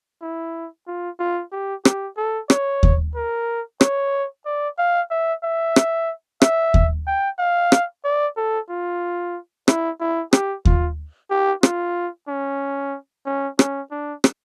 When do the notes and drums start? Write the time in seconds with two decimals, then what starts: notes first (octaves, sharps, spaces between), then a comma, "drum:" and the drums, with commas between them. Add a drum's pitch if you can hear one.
0.22 E4
0.87 F4
1.20 F4
1.52 G4
1.85 G4, drum: rim click
2.17 A4
2.50 C#5, drum: rim click
2.83 drum: kick D#2
3.16 A#4
3.81 C#5, drum: rim click
4.46 D5
4.78 F5
5.11 E5
5.43 E5
5.76 drum: rim click
6.42 E5, drum: rim click
6.74 drum: kick D#2
7.07 G5
7.39 F5
7.72 drum: rim click
8.04 D5
8.37 A4
8.70 F4
9.68 E4, drum: rim click
10.00 E4
10.33 G4, drum: rim click
10.65 F4, drum: kick D#2
11.31 G4
11.63 F4, drum: rim click
12.28 C#4
13.26 C#4
13.59 C#4, drum: rim click
13.91 D4
14.24 drum: rim click